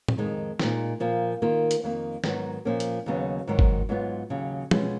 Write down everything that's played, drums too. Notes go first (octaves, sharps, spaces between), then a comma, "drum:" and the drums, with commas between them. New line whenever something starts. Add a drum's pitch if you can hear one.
drum: tom A2
F2 D#3 G#3 D#4
A#2 G#3 D#4, drum: snare
A#2 F3 A#3
D#3 A#3 F4
drum: hi-hat
F2 D#3 A#3
G#2 D#3 F#3 B3 D#4, drum: snare
A#2 F3 A#3 C#4
drum: hi-hat
D#2 C#3 F#3 B3
G#2 D#3 F#3
drum: kick G1
G#2 F#3 B3 F4
D#2 C#3 F#3
B2 G#3 C#4 F4, drum: tom